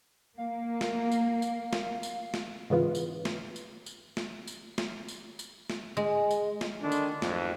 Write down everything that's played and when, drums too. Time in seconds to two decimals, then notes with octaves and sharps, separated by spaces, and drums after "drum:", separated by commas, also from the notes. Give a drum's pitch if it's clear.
0.38 A#3 F5
0.81 drum: snare
1.12 drum: tambourine
1.42 drum: tambourine
1.73 drum: snare
2.03 drum: tambourine
2.34 drum: snare
2.70 G#2 C#3 E3 B3 F4
2.95 drum: tambourine
3.25 drum: snare
3.56 drum: tambourine
3.86 drum: tambourine
4.17 drum: snare
4.47 drum: tambourine
4.78 drum: snare
5.08 drum: tambourine
5.39 drum: tambourine
5.70 drum: snare
5.97 G#3
6.31 drum: tambourine
6.61 drum: snare
6.81 D3 D#3 D4
6.92 drum: tambourine
7.22 G#1 F2, drum: snare